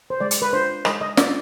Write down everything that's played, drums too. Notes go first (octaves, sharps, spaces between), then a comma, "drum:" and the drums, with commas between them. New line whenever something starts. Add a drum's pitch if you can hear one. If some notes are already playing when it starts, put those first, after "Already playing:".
C5
G#3 D5
drum: hi-hat
B4
D4 F4 C5
G#3 D#5, drum: rim click
D#5
D4 F4 D5, drum: snare